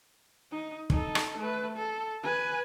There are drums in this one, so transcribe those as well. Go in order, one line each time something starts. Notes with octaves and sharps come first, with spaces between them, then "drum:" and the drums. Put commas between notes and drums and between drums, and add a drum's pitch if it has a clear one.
D#4
D#4 A4, drum: kick
drum: rim click
A3 B4
A4
B4 G#5